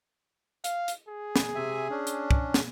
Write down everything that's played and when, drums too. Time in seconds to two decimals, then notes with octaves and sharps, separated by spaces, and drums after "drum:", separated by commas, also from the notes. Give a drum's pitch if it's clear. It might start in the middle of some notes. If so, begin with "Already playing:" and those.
0.64 F5, drum: hi-hat
0.88 drum: hi-hat
1.08 G#4
1.36 drum: snare
1.55 C3 E5 G#5
1.90 C#4 D4
2.07 drum: hi-hat
2.31 drum: kick
2.54 drum: snare